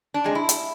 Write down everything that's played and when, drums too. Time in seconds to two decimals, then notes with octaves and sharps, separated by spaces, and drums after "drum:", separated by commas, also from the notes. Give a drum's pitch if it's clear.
0.14 D4
0.24 C3 G#3
0.35 E4
0.49 drum: hi-hat